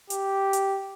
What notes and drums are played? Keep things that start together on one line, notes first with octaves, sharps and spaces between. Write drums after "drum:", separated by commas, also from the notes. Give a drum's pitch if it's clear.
G4, drum: hi-hat
drum: hi-hat